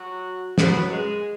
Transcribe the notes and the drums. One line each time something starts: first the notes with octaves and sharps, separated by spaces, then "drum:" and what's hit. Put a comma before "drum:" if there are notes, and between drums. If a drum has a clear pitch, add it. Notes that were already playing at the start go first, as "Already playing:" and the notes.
Already playing: F#3 F#4
F#2 F#3 B3 B4, drum: snare
G#3 G#4